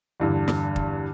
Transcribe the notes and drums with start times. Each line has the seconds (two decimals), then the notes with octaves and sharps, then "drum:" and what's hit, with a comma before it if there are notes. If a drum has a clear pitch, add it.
0.20 E2 G2 D3
0.48 drum: snare
0.76 drum: kick